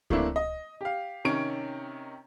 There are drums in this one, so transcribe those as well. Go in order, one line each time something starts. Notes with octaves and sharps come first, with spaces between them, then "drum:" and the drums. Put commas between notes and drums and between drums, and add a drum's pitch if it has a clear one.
E3 A3 A#3 C4 D4 E4, drum: kick C#2
D#5
G4 F5
C3 D#3 C#4 C#5 D7